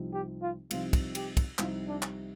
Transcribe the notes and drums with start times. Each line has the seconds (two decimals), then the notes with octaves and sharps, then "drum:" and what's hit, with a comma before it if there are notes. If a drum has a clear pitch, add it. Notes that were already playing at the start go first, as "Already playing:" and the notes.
Already playing: C2 C3 F3 C4 D#4
0.13 G4
0.42 F4
0.71 C2 C3 F3 C4 D#4 F4, drum: cymbal
0.93 drum: kick, cymbal
1.15 G4, drum: cymbal
1.37 drum: kick, cymbal
1.59 C2 C3 F3 C4 D#4 F4, drum: clap
1.88 D4
2.02 drum: clap